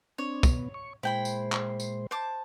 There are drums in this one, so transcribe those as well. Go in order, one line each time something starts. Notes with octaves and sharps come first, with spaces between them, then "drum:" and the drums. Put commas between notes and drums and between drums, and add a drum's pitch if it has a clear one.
C4 D4 C#5
B2 B3, drum: kick, tambourine
C#6
A#2 G#3 E4 C5 G5 B5
drum: tambourine
drum: clap
drum: tambourine
C5 A5 D6